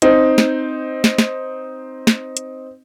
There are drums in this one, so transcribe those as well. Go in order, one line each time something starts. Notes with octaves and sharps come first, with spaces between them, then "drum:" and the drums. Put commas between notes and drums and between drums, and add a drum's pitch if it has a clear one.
C4 D#4, drum: hi-hat
drum: snare
drum: snare
drum: snare
drum: snare
drum: hi-hat